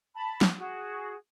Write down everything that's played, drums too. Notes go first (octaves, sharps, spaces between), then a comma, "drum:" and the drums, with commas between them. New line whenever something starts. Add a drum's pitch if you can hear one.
A5 B5
drum: snare
F#4 G#4